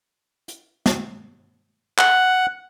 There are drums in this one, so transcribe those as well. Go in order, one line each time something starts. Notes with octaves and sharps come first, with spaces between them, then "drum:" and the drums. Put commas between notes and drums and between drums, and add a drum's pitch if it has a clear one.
drum: hi-hat
drum: snare
F#5, drum: clap